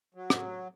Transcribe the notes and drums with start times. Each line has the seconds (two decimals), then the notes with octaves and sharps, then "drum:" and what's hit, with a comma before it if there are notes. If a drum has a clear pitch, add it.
0.15 F#3
0.30 drum: rim click